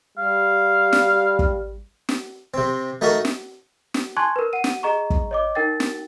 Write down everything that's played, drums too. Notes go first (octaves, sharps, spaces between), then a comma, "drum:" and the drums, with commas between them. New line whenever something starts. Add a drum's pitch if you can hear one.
G3 F5
drum: snare
drum: kick
drum: snare
C3 C4
A3 D#4 F#4 A#4
drum: snare
drum: snare
G#5 A5 C6 C#6 F#6 G#6
A#4 B4
F#5 D#7
drum: snare
G#4 D#5 A#5 C#6
drum: kick
C#5 D#5 D6
D#4 A#4 G5 A6
drum: snare